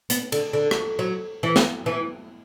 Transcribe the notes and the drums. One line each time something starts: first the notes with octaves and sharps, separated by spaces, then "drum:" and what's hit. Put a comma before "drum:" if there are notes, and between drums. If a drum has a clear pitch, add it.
B3, drum: hi-hat
D3, drum: cymbal
D3
drum: rim click
F#3
E3
drum: snare
E3